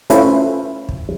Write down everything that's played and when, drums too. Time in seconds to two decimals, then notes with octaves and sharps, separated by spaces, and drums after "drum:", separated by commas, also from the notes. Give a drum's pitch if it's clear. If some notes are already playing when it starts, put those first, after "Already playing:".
0.10 A3 C#4 E4 F4 B4 C5, drum: hi-hat
0.89 drum: kick